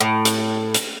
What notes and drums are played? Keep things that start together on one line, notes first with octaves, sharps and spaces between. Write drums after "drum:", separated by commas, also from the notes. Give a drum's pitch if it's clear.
A2
drum: hi-hat
drum: hi-hat